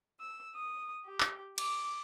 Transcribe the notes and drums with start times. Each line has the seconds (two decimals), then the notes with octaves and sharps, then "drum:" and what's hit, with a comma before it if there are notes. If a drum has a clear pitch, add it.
0.19 E6
0.55 D#6
1.05 G4
1.20 drum: clap
1.58 D6, drum: cymbal